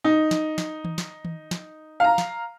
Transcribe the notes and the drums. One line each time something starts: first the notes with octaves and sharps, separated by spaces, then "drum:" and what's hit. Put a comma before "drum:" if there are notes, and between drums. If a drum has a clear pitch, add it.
D#4
drum: snare
drum: snare
drum: tom D#3
drum: snare
drum: tom D#3
drum: snare
F5 A#5
drum: snare